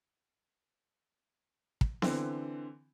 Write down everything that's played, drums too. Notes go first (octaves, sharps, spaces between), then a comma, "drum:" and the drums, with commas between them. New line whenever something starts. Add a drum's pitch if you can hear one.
drum: kick
D3 E3 C4, drum: snare B3